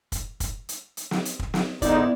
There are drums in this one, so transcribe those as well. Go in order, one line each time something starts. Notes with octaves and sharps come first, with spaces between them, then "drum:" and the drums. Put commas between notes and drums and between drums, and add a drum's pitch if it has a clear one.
drum: kick, hi-hat
drum: kick, hi-hat
drum: hi-hat
drum: hi-hat
drum: snare
drum: hi-hat
drum: kick
drum: snare
G#2 D3 B3 D#4 E4 D5, drum: kick, hi-hat